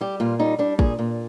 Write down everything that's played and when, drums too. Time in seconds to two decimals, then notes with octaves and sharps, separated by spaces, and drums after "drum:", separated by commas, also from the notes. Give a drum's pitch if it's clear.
0.01 G3 G4
0.20 A#2 F4
0.39 G3 D#4
0.59 G3 D4
0.79 A#2 G#4, drum: kick A1
0.99 A#2